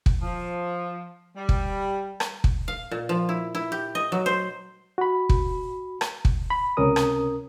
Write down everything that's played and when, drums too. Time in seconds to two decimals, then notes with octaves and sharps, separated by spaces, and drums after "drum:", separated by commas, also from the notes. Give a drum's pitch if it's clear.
0.06 drum: kick
0.22 F3
1.37 G3
1.49 drum: kick
2.20 drum: rim click
2.44 drum: kick
2.68 F5
2.91 A#2
3.09 F3
3.29 E4
3.55 E4
3.72 G4
3.95 D#5
4.12 F#3
4.26 C5
4.98 F#4 B5
5.29 drum: kick
6.01 drum: rim click
6.25 drum: kick
6.50 B5
6.77 C#2 C3 C#4 A#4 D#6
6.96 drum: rim click